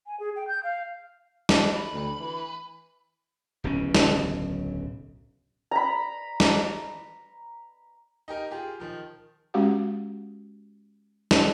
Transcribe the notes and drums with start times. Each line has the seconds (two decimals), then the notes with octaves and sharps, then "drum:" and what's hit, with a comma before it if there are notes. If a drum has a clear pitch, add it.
0.07 G#5
0.20 G#4
0.36 G5
0.48 G6
0.64 F5
1.49 drum: snare
1.75 B4
1.93 D2
2.18 E3
3.64 D1 B1 C#3 C#4
3.95 drum: snare
5.71 A#5 B5
6.40 drum: snare
8.28 D#4 G4 A#4
8.51 F4 G4 G#4
8.80 D#3 F3
9.54 G#3 C#4 F#4 G4 F5 F#5
11.31 drum: snare